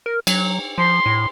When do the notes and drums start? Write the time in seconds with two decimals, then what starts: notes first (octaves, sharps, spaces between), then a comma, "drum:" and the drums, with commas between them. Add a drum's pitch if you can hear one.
0.06 A#4
0.27 F#3, drum: cymbal
0.78 F3 C6
1.06 A2